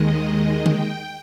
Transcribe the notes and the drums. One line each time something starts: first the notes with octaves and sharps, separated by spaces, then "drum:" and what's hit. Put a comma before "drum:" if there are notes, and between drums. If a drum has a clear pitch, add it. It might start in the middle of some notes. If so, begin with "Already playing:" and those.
Already playing: D#2 D#3 G#3 D#5
G5, drum: tom